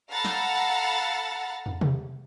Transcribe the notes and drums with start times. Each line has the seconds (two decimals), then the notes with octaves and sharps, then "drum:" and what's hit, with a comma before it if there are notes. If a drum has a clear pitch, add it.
0.12 A4 F5 F#5 A#5 B5 A6
0.25 drum: snare
1.66 drum: tom
1.81 drum: tom C3